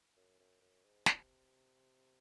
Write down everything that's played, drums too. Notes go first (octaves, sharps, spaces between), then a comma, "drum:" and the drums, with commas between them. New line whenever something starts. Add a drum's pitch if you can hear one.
F#2
F#2
F#2
G#2
C3, drum: snare